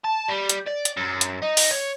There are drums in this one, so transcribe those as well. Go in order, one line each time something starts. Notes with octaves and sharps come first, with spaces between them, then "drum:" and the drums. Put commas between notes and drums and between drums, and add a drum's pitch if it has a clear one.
A5
G3
drum: hi-hat
D5
drum: hi-hat
F#2
drum: hi-hat
D#4
drum: open hi-hat
C#5